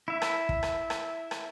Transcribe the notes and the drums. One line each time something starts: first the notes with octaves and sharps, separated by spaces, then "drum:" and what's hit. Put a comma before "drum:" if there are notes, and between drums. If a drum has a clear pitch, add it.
E4 E5
drum: rim click
drum: kick
drum: rim click
drum: rim click
drum: rim click